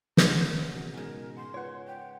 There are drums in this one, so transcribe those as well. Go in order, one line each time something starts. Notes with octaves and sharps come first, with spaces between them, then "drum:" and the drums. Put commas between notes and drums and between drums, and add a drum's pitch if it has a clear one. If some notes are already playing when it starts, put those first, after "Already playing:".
C#3 A#4 D#5 F#5 A#5, drum: snare
B2 A#4
G#2 G#3 A#4
F#5 C6
F4 B4 C#5 F#5
G5